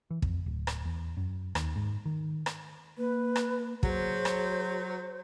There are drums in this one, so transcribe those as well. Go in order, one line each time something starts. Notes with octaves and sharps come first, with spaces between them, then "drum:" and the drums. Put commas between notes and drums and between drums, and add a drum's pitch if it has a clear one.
E3
F2, drum: kick
D1
drum: rim click
E2
F#2
D#2, drum: rim click
G#2
D#3
drum: rim click
A#3 B4
drum: rim click
F#3 G#4 C5, drum: kick
drum: rim click